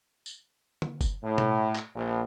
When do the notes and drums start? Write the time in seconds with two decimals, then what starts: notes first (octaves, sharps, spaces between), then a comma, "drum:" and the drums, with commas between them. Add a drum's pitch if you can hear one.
0.26 drum: tambourine
0.82 drum: tom D3
1.01 drum: kick F#1, tambourine
1.22 A2
1.38 drum: tom B2
1.75 drum: clap
1.94 A#1